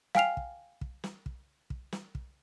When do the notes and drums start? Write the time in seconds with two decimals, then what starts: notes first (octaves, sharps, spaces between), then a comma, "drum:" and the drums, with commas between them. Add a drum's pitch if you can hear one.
0.15 F5 G5 G#5 F6 C7 F7, drum: snare
0.37 drum: kick
0.81 drum: kick
1.04 drum: snare
1.26 drum: kick
1.70 drum: kick
1.92 drum: snare
2.15 drum: kick